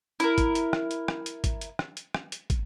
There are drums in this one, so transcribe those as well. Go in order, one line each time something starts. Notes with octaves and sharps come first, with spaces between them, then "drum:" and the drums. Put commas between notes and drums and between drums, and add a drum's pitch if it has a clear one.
E4 A#4, drum: hi-hat
drum: kick, hi-hat
drum: hi-hat
drum: rim click
drum: hi-hat
drum: rim click
drum: hi-hat
drum: kick, hi-hat
drum: hi-hat
drum: rim click
drum: hi-hat
drum: rim click
drum: hi-hat
drum: kick, hi-hat